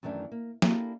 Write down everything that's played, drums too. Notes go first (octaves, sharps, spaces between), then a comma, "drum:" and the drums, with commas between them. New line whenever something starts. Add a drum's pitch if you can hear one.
F#2 D#3 E3 A3 D4
A#3
A#3 D4 E4 G4 A4, drum: snare